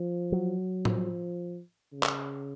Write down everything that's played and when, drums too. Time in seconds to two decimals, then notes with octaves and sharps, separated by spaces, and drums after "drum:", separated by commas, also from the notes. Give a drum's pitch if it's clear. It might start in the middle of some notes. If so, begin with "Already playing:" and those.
Already playing: F3
0.32 F#3
0.85 F3, drum: tom
1.93 C#3
2.03 drum: clap